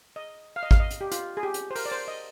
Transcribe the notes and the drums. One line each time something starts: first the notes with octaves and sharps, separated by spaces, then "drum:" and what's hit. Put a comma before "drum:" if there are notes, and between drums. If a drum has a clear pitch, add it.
D#5
F5
D#5
F5, drum: kick G#1
D#5
drum: hi-hat
G4
F4, drum: hi-hat
G#4
G4
drum: hi-hat
C5
A#4, drum: open hi-hat
D5
C5
D#5